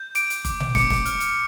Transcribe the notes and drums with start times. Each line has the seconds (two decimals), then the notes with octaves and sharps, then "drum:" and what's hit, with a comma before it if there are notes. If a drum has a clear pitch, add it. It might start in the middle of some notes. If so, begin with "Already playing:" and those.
Already playing: G6
0.15 D6 D7, drum: hi-hat
0.30 drum: hi-hat
0.45 D6, drum: kick G1, hi-hat
0.60 drum: tom A#2
0.75 D6 C#7, drum: snare
0.90 drum: snare
1.05 F6, drum: hi-hat
1.20 drum: hi-hat